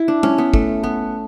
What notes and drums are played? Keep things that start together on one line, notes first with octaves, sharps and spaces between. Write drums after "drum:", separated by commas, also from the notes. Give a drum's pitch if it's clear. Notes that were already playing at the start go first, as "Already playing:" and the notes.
Already playing: E4
D4
C#4, drum: tom
B3
A3, drum: kick
B3